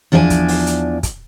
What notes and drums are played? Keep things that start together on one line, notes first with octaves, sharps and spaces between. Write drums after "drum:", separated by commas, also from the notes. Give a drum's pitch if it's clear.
E2 F3 D4 D5 F5 G#5
drum: kick, hi-hat
drum: open hi-hat
drum: hi-hat
drum: kick, hi-hat